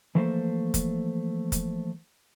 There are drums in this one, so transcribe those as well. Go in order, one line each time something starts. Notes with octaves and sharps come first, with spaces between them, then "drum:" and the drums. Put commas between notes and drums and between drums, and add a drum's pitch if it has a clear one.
E3 F3 A3 A#3 C5
drum: kick F1, hi-hat
drum: kick F1, hi-hat